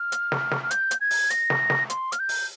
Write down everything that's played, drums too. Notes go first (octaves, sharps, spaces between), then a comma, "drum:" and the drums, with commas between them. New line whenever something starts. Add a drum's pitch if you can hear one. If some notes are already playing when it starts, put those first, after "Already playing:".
Already playing: F6
drum: hi-hat
drum: snare
drum: snare
F6
G6, drum: hi-hat
drum: hi-hat
G#6
drum: open hi-hat
A#6, drum: hi-hat
drum: snare
drum: snare
C6, drum: hi-hat
F6, drum: hi-hat
G6
drum: open hi-hat